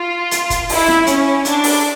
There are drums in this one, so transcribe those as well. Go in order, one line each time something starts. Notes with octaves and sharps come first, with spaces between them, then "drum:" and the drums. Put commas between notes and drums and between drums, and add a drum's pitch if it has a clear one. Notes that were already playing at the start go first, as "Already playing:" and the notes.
Already playing: F4
drum: hi-hat
drum: kick, hi-hat
E4, drum: open hi-hat
drum: snare
C#4, drum: hi-hat
D4, drum: hi-hat
drum: open hi-hat